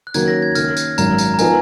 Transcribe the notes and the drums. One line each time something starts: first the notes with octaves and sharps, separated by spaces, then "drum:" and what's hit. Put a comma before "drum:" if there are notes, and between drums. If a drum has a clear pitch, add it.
F#6
D#3 F#3 A#3 C#4 G#6, drum: tambourine
A#6
G#6
D#3 A#3 C#4 F6, drum: tambourine
drum: tambourine
G#1 F#2 D#3 A#5, drum: tambourine
drum: tambourine
A#5
F3 B3 D#4 A#4 G#5, drum: tambourine